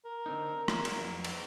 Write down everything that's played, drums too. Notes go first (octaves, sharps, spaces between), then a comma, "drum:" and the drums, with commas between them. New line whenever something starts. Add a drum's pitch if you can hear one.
A#4
D3 C4 D#4
F#3 E4, drum: rim click
drum: cymbal
F2
drum: cymbal